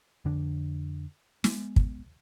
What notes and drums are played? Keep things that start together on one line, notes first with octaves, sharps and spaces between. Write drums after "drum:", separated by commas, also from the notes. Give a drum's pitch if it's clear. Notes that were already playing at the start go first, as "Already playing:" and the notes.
F2 D3 D4
G#3 B3, drum: snare
drum: kick